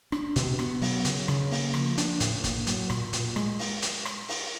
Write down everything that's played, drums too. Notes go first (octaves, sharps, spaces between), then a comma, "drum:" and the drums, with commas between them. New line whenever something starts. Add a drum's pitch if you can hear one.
D4, drum: rim click
B2, drum: hi-hat
B3, drum: rim click
F#3, drum: open hi-hat
C#3, drum: hi-hat
C#3, drum: rim click
A#3, drum: open hi-hat
F3, drum: rim click
D4, drum: hi-hat
A2, drum: hi-hat
A#3, drum: kick, hi-hat
F#3, drum: hi-hat
A#2, drum: rim click
A#2, drum: hi-hat
G#3, drum: rim click
drum: open hi-hat
drum: hi-hat
drum: rim click
drum: open hi-hat